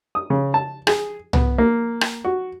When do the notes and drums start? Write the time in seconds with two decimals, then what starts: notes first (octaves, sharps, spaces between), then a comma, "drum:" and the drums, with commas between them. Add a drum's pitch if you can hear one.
0.15 D#6
0.30 C#3
0.54 A5
0.87 G#4, drum: rim click
1.33 B3, drum: tom C2
1.58 A#3
2.01 drum: rim click
2.24 F#4